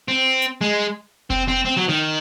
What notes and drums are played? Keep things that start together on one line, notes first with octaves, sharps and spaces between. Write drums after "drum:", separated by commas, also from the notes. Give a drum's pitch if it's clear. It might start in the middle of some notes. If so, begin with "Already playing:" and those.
C4
drum: hi-hat
G#3
C4, drum: kick F1
C4
C4
F#3
D#3